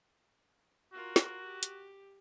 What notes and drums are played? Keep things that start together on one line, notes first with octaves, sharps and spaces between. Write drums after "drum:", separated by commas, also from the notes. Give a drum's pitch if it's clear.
F4 F#4 A#4
drum: snare
G4
drum: hi-hat